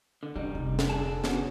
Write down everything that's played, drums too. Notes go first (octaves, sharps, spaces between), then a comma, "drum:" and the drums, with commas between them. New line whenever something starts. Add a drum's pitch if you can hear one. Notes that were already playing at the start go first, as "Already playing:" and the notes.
D3
C#3 G3 D#4
F1
drum: snare
D3 G#4 A5
B3 C#4 F#4, drum: snare